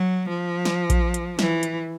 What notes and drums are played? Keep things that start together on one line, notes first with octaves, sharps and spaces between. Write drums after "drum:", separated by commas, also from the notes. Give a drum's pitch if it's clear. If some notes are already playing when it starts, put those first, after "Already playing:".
Already playing: F#3
F3
drum: snare
drum: kick A#1, hi-hat
drum: hi-hat
E3, drum: snare
drum: hi-hat